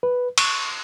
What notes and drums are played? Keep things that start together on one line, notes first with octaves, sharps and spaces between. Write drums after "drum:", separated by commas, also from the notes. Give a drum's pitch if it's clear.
B4
C#6, drum: cymbal